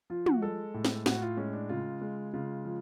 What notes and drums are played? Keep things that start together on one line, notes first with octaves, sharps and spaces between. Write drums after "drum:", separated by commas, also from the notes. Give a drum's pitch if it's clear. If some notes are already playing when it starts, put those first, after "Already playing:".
F3 F4
F#4, drum: tom
G#3 A4
A2
drum: snare
A2 F#4, drum: snare
F4
G#3 C#4
D4
C#3 F4
G#3
C#3 F4
F3